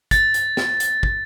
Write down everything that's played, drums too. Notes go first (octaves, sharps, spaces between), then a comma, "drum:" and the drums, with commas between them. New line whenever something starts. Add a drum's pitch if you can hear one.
A6, drum: kick, hi-hat
drum: hi-hat
drum: snare
drum: hi-hat
drum: kick